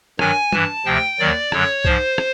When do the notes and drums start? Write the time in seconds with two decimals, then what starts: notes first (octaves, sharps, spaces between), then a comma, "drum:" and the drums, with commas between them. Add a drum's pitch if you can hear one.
0.19 G2 D#3 F#3 G#5, drum: rim click
0.52 G2 E3 A5, drum: tom
0.85 D2 C3 F3 G5
1.19 D#2 D#3 F#3 D5
1.52 F#2 D3 F#3 C#5, drum: rim click
1.85 G#2 F3 C5, drum: kick C2
2.18 drum: rim click